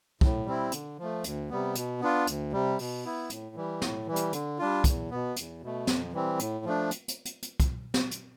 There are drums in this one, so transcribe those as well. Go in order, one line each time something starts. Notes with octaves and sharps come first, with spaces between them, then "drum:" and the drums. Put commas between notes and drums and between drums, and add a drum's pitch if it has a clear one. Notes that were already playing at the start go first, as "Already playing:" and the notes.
A2, drum: kick
G3 C4 E4
D3, drum: hi-hat
F3
A3
D2, drum: hi-hat
C3 G3 B3
B2, drum: hi-hat
B3 D4 F4
D2, drum: hi-hat
C3 G3
B2, drum: open hi-hat
B3 E4
A2, drum: hi-hat
E3 G3
A2, drum: snare
E3 G3
drum: hi-hat
D3, drum: hi-hat
G3 D4 F4
E2, drum: kick, hi-hat
B2 B3
E2, drum: hi-hat
B2 A3
F2, drum: snare
E3 G3 C4
A2, drum: hi-hat
F3 A3 D4
drum: hi-hat
drum: hi-hat
drum: hi-hat
drum: hi-hat
drum: kick, hi-hat
drum: snare
drum: hi-hat